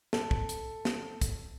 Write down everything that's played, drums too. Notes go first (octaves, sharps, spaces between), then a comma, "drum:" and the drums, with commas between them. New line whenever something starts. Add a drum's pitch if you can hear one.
A4, drum: snare
drum: kick
drum: hi-hat
drum: snare
drum: kick, hi-hat